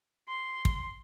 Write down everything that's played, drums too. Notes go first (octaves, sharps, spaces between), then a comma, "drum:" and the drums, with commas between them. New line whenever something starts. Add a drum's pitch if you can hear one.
C6
drum: kick